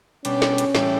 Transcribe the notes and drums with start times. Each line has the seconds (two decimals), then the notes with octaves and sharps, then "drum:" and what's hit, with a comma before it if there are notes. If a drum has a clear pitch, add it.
0.25 B2 G3 C#4 D4, drum: hi-hat
0.42 drum: snare
0.58 drum: hi-hat
0.75 A2 E3 G3, drum: snare